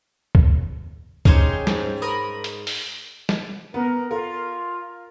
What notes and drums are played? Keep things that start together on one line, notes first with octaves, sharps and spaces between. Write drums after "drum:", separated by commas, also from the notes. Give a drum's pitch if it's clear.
drum: kick C#2
C#4 D#4 G4 G#4 C5 C#5, drum: kick C#2
G#2, drum: snare
A#4 B5 D#6
drum: hi-hat
drum: open hi-hat
drum: snare
B3 A#4
F4 A#4